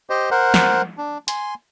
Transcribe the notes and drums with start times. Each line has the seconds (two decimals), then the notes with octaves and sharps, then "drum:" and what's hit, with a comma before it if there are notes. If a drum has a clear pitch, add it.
0.10 G4 C5 D#5
0.31 A#4 C5 F#5
0.54 drum: snare
0.98 D4
1.28 G#5 C6, drum: hi-hat